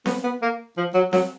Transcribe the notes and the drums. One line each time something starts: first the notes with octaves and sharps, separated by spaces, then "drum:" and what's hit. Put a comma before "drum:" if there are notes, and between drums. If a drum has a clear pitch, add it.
B3, drum: snare C4
B3
A#3
F3
F#3
F#3, drum: snare C4